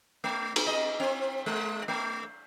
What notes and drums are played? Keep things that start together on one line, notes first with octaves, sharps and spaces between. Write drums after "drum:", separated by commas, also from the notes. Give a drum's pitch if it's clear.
A3
drum: cymbal
D#5
C4
G#3
A3